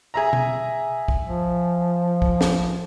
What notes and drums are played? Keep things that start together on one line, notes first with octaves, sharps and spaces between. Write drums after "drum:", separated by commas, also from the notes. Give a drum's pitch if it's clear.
G#4 E5 A#5
drum: tom B2
drum: kick
F3
drum: kick
drum: snare